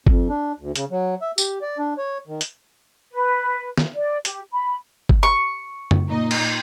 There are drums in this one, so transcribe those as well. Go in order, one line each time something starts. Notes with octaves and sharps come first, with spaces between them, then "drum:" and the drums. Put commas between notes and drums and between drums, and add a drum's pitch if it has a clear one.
F2, drum: kick G1
D4
D2
C#3, drum: hi-hat
F#3
E5
G4, drum: tambourine
D5
D4
C#5
D#3
drum: hi-hat
B4
drum: snare
D5
G4, drum: hi-hat
B5
drum: kick G1
C#6
drum: tom
A#2 D#4 D#5
drum: cymbal